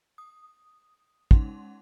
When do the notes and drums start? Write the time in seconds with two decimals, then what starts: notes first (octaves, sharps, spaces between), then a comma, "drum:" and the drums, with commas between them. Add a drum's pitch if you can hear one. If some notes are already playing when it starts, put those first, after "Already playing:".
0.18 D#6
1.31 G#3 C#4 D#4 F#5 C6, drum: kick